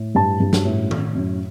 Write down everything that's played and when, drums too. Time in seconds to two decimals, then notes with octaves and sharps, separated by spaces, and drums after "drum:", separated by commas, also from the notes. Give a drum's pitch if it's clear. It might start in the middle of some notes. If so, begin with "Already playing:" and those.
Already playing: A2
0.15 G2 A5
0.40 G2
0.53 drum: snare
0.65 A2
0.91 A2, drum: tom D#3
1.15 F#2